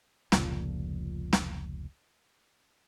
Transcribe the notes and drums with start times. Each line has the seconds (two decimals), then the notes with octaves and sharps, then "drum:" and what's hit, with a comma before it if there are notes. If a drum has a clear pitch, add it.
0.32 F1 C#2 A#2 F3, drum: snare
1.33 drum: snare